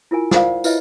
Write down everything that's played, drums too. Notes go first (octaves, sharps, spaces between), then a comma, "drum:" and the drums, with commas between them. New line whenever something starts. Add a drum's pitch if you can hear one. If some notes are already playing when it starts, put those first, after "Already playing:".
E4 F4 A#4 G#5
F4 A#4 C5 D5 F5 F#5, drum: snare
E4 F4 B4 C#5 D#5 E5, drum: tambourine